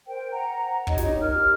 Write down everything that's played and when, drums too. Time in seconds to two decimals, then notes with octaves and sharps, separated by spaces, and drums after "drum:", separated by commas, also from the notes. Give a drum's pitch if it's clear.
0.07 A#4 C5 G5
0.32 F#5 A#5
0.87 D#4 G4 C#5 D#5, drum: kick
0.98 drum: snare
1.20 G4 A#4 F6